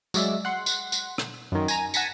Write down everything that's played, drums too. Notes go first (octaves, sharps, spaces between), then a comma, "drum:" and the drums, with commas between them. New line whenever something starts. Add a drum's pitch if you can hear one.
F#3 G#3 D5 E5, drum: tambourine
F#5 C6
drum: tambourine
drum: tambourine
drum: rim click
F#2 D#3
G#5 A#5 D#7, drum: tambourine
F#5 G#5 A5 A#6 B6 C#7, drum: tambourine